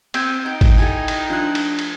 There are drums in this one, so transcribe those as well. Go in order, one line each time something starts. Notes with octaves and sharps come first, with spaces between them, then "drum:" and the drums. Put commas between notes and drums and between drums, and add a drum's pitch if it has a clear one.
C4 G#5 G6, drum: cymbal
D#4 G5
drum: kick G#1, cymbal
E4 G4 A4 G#5
drum: cymbal
F3 A3 D4 F#6
drum: cymbal
drum: cymbal